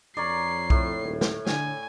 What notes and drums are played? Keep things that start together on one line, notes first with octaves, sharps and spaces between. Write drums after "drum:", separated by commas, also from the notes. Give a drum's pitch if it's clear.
F2 A#4 C#5 D5 C7
A2, drum: kick B1
D#1
drum: snare
D3 G#5, drum: snare